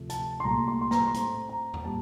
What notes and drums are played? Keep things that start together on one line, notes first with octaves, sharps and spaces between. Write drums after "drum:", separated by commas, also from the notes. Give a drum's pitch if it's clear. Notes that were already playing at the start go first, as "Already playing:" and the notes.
Already playing: D2 C3 F3 A3
A5, drum: hi-hat
C6
C2 A#2 A3 A#5
C6
C6
A#5, drum: snare
C6
A2 A3 C4 A#5, drum: hi-hat
A#5
drum: tom E2
A#2 G3 A5